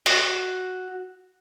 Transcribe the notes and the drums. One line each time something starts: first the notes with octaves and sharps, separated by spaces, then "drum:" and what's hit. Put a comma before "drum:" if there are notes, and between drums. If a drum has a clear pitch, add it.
F#4, drum: open hi-hat